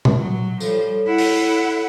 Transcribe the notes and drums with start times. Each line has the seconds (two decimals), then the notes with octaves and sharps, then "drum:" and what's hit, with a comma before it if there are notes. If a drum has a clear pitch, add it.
0.05 drum: tom B2
0.20 F#3
0.60 F3 G3 A4 C#5, drum: tambourine
1.06 E4 F#5
1.18 drum: open hi-hat